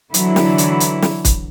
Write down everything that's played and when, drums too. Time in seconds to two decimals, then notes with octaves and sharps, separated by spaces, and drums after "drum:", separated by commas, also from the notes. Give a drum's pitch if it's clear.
0.14 D3 E3 F#3 E4, drum: hi-hat
0.36 drum: snare
0.58 drum: hi-hat
0.80 drum: hi-hat
1.02 drum: snare
1.25 drum: kick, hi-hat